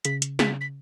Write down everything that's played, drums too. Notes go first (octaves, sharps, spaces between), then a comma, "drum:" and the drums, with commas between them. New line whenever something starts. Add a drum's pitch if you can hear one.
C#3 B6, drum: hi-hat
drum: hi-hat
C#3 B6, drum: snare
B6